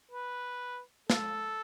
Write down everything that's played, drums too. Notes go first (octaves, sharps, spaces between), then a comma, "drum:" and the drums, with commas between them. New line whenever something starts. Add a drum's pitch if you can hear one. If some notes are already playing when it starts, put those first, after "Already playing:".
B4
A4, drum: snare